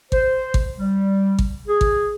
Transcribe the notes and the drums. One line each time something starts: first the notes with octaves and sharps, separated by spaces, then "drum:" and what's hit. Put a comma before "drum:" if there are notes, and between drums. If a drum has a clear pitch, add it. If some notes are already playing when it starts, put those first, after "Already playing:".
C5, drum: kick G#1
drum: kick G#1
G3
drum: kick G#1
G#4
drum: kick G#1